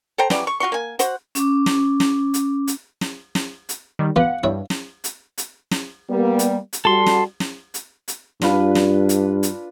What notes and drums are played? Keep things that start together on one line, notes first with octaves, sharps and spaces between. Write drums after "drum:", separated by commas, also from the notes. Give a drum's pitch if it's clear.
A4 C5 G5 A#5
E3 F#3 G3 D5, drum: snare
C#6
F4 F#4 C6 C#6
A#3 G#5
F#4 C5 F#5, drum: hi-hat
C#4 D6, drum: hi-hat
drum: snare
drum: snare
drum: hi-hat
drum: hi-hat
drum: snare
drum: snare
drum: hi-hat
D#3 G3
B3 F4 G4 F5 F#5
G2 E4 C#5
drum: snare
drum: hi-hat
drum: hi-hat
drum: snare
G3 A#3 B3
drum: hi-hat
drum: hi-hat
G3 F#4 A4 C6
drum: snare
drum: snare
drum: hi-hat
drum: hi-hat
G2 D4 F4 B4, drum: snare
drum: snare
drum: hi-hat
drum: hi-hat